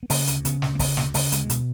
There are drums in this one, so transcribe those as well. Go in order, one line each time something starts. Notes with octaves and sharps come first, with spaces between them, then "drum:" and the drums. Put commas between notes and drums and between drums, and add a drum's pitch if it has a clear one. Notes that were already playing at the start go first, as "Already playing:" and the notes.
B3
C#3 A#3, drum: open hi-hat
D2, drum: hi-hat
C#3 B3, drum: hi-hat
D2, drum: snare
A#3
C#3 B3, drum: kick, open hi-hat
D2 A#3, drum: snare
C#3 A3, drum: open hi-hat
D2 G#3, drum: hi-hat
B2, drum: hi-hat